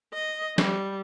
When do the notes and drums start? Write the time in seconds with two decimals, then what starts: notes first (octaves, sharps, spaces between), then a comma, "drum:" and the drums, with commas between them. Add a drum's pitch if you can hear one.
0.13 D#5
0.58 G3, drum: snare